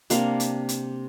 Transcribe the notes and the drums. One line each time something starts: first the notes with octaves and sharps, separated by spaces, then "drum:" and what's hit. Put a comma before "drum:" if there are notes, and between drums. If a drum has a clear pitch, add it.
C3 A#3 D4 F5, drum: hi-hat
drum: hi-hat
drum: hi-hat